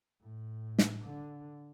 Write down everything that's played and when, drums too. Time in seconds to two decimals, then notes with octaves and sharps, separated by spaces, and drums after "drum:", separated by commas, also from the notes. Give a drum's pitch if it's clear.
0.22 A2
0.78 drum: snare
1.04 D3